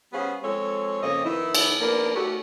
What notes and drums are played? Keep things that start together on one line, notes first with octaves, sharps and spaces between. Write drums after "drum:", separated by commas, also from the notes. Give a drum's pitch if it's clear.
G3 B3 C#4 G#4 C5 F5
F3 G#3 C4 A4 C#5
F2 C#3 A#3 C4 C#5 D#5
F2 D#3 B3 E4
drum: cymbal
F3 A#3 B3 D4 A#4
A3 F#4 G4